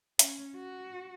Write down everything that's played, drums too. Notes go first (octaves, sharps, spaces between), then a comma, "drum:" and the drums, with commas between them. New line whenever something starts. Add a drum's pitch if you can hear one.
C#4, drum: hi-hat
F#4